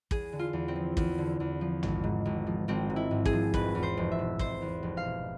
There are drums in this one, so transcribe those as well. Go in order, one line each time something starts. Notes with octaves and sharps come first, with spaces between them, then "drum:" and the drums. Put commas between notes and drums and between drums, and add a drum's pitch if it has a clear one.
E2 G#4, drum: kick
D3
F4
E2
C4
F3
E2, drum: kick
D3
E2
F3
G#1, drum: tom A1
G#2
G#1
F3
G#1 C4
G#2
E4
G#1
G#4, drum: kick
F3
F1 B4, drum: kick
E2
C5
F1
E5
B2
F1 C5, drum: kick
E2
F1
F5
B2